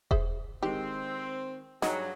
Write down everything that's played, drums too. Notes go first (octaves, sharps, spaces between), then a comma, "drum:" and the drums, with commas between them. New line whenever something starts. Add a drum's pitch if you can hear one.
G#4 C5 E5, drum: kick E1
D#3 G#3 C4 G4
G2 F#3 D#4 F#4 G#4 A#5, drum: snare